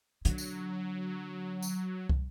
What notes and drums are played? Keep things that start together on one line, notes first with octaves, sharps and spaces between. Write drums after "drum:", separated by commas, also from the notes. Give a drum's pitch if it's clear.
D3 F#3, drum: hi-hat
drum: tambourine
drum: tambourine
drum: kick